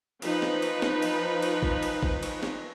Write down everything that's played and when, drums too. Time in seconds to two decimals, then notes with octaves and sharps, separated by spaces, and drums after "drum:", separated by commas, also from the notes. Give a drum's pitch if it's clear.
0.22 F3 D#4 B4, drum: cymbal
0.42 drum: snare
0.62 drum: cymbal
0.82 drum: snare
1.02 drum: cymbal
1.42 drum: cymbal
1.63 drum: kick
1.83 drum: cymbal
2.03 drum: kick
2.23 drum: cymbal
2.43 drum: snare